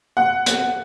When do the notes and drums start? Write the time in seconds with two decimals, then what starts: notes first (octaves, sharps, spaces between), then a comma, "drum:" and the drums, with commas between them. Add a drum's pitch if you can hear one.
0.17 F#5
0.46 drum: hi-hat